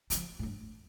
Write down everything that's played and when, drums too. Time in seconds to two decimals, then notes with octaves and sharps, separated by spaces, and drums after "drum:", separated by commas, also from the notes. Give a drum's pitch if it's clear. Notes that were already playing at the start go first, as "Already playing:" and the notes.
0.10 E3, drum: hi-hat
0.15 F3
0.39 A2
0.43 G2